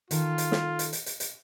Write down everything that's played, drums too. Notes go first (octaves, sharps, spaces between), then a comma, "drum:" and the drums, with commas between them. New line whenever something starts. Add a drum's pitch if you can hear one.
D#3 F4 A4, drum: hi-hat
drum: hi-hat
drum: snare
drum: hi-hat
drum: hi-hat
drum: hi-hat
drum: hi-hat